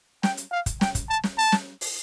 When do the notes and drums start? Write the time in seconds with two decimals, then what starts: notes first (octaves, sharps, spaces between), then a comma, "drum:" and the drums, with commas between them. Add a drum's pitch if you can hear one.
0.23 G5, drum: snare
0.37 drum: hi-hat
0.52 F5
0.66 drum: kick, hi-hat
0.81 G5, drum: snare
0.95 drum: kick, hi-hat
1.09 A5
1.24 drum: snare
1.38 A5
1.52 drum: snare
1.81 drum: open hi-hat